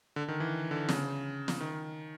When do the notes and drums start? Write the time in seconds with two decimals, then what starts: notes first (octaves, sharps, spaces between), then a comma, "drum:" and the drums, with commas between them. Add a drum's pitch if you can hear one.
0.16 D3
0.28 D#3
0.40 E3
0.71 D3
0.89 C#3, drum: snare
1.48 drum: snare
1.61 D#3